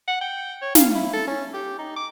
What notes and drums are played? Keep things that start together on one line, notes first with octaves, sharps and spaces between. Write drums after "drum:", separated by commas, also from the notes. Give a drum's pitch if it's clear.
F#5
G5
C#5
F5, drum: snare
E4
A4
C#4
G4
D#4
D6